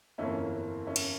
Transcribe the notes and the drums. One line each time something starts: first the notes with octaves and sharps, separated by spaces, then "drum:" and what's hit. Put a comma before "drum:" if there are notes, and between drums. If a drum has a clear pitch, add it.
G1 F2 E3 A#3 C#4 E4
C#4 E4
drum: cymbal